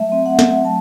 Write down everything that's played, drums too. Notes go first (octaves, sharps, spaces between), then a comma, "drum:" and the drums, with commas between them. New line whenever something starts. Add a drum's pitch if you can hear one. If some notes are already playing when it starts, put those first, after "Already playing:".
Already playing: F#3 A3 E5
C4
F#5
A3, drum: snare
F#3 A5